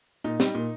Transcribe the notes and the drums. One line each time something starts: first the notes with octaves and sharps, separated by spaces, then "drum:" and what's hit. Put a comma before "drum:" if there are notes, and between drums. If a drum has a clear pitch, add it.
A#2 D#4
G3, drum: snare
A#2